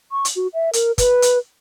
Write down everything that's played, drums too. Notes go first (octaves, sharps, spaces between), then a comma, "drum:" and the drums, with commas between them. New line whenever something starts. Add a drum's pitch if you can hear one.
C#6
drum: hi-hat
F#4
E5
A#4, drum: hi-hat
B4, drum: kick, hi-hat
drum: hi-hat